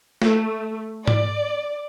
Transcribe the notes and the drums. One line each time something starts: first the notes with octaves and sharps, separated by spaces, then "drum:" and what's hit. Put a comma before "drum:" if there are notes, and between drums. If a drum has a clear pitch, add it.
A3, drum: snare
D5, drum: tom G#2